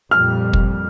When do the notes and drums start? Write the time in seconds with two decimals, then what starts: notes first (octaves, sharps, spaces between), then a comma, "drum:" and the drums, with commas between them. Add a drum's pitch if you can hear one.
0.11 F2 A#2 G3 F6
0.53 drum: kick